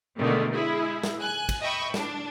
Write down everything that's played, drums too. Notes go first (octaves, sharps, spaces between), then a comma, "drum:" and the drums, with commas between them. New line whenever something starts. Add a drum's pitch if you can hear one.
B2 D3 D#3 G#3 A3
G#3 E4 G#4
drum: snare
G#5 F#6
drum: kick, cymbal
D#5 E5 G5 B5 C#6
D4, drum: snare